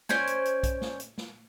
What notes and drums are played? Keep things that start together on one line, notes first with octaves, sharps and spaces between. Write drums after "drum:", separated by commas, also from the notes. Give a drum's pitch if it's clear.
C#4 C5 D5 G#5, drum: snare
drum: hi-hat
drum: hi-hat
drum: kick B1, hi-hat
drum: snare
drum: hi-hat
drum: snare